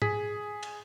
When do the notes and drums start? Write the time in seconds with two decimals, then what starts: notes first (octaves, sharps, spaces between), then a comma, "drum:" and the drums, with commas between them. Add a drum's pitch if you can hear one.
0.02 G#4 B6, drum: tom G#2
0.63 drum: cymbal